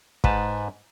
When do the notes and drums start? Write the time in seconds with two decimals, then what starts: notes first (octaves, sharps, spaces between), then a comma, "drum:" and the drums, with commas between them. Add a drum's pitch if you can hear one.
0.24 G#2 B4 A5, drum: kick